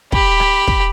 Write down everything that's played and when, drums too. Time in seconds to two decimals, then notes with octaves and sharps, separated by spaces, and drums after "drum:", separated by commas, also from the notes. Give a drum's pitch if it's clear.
0.12 G4 B5, drum: kick
0.40 drum: rim click
0.67 drum: kick